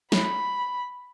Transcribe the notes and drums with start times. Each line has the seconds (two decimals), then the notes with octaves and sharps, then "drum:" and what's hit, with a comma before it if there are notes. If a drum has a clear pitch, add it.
0.12 B5, drum: snare